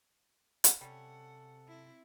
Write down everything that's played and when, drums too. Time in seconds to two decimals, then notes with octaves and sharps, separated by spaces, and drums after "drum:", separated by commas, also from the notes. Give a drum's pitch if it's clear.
0.64 drum: hi-hat
0.81 C3 G3 C#4 A4 F#5
1.67 C4 E4